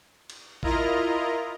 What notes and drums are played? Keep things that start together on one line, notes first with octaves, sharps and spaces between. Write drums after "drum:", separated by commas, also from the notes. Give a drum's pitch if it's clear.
drum: cymbal
E4 F4 A#4 D#5 A#5, drum: kick